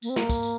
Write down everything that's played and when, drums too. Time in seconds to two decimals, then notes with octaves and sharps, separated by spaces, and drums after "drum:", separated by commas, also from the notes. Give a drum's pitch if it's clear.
0.02 A#3, drum: tambourine
0.09 C4
0.16 A#3, drum: snare
0.29 drum: kick, tambourine
0.43 drum: tambourine